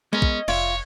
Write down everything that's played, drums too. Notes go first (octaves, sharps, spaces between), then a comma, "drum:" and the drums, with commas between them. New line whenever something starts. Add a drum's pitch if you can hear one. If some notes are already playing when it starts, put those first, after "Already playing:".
G#3 B3 C#4 A#4 D#5
drum: kick A#1
F1 F4 C#5 D5 E5, drum: cymbal